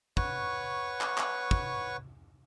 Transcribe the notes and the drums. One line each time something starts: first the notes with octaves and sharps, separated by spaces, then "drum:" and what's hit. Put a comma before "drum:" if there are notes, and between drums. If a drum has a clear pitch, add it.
B4 C#5 F#5 C#6, drum: kick
drum: clap
drum: clap
drum: kick